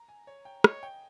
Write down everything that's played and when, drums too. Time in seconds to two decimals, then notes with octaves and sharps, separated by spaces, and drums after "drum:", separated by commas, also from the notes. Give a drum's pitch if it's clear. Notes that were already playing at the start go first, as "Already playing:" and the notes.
Already playing: A#5
0.09 G#5
0.27 C#5
0.45 G5
0.64 C#5 D#5, drum: rim click
0.83 G5